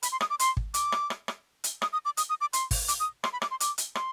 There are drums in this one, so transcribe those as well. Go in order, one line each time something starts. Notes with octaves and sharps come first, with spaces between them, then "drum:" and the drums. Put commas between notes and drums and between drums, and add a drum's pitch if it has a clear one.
B5, drum: hi-hat
C6
D#6, drum: rim click
D6
C6, drum: hi-hat
drum: kick
D6, drum: hi-hat
drum: rim click
drum: rim click
drum: rim click
drum: hi-hat
D#6, drum: rim click
D#6
D6
D#6, drum: hi-hat
D#6
D6
C6, drum: hi-hat
drum: kick, open hi-hat
D6, drum: hi-hat
D#6
C6, drum: rim click
B5
D6, drum: rim click
C6
D6, drum: hi-hat
drum: hi-hat
C6, drum: rim click